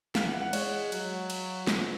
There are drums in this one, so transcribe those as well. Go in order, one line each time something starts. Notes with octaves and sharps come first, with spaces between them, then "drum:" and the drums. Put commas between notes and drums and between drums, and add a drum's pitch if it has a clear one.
E3 F5, drum: snare
F#5
F#5
G#3 C#5, drum: cymbal
F#3, drum: cymbal
drum: cymbal
F3, drum: snare